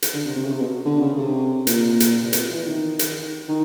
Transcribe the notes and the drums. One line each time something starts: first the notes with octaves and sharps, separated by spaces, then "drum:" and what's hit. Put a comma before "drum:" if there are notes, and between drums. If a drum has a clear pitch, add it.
drum: hi-hat
D3
C3
C3
C#3
C3
B2
D3
C#3
C3
A#2, drum: hi-hat
drum: hi-hat
C3
B2, drum: hi-hat
E3
D#3
drum: hi-hat
D#3